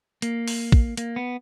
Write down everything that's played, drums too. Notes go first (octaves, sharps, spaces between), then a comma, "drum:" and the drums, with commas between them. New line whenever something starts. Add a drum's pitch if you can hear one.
A#3, drum: hi-hat
drum: open hi-hat
drum: kick
A#3, drum: hi-hat
B3